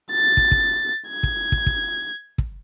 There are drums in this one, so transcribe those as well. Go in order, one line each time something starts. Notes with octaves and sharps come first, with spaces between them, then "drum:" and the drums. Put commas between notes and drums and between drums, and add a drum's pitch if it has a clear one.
A6
drum: kick
drum: kick
G#6
drum: kick
drum: kick
drum: kick
drum: kick